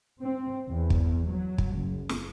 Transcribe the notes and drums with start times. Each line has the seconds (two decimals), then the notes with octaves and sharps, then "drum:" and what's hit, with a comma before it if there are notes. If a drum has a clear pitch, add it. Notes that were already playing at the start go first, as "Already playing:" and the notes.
0.21 C4
0.70 E2
0.90 drum: kick
1.28 F#3
1.58 drum: kick
1.75 F#1
2.09 drum: snare